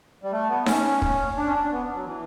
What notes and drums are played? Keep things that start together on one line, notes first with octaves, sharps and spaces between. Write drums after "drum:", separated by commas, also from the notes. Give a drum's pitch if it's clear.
G3
A3
B3
C#4, drum: snare D#4
drum: kick
D4
C#4
D4
B3
F#3
E3